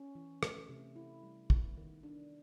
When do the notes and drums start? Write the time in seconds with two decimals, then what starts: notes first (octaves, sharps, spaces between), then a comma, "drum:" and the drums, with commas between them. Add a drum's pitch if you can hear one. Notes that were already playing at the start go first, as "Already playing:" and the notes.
Already playing: C#4
0.15 E3
0.43 A3, drum: rim click
0.69 C3
0.96 E4
1.23 G3
1.50 B3, drum: kick
1.77 D#3
2.03 D4